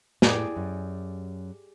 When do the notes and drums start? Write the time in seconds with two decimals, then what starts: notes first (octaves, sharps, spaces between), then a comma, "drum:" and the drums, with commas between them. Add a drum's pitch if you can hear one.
0.22 A2 G4 G#4 D5, drum: snare
0.56 F#2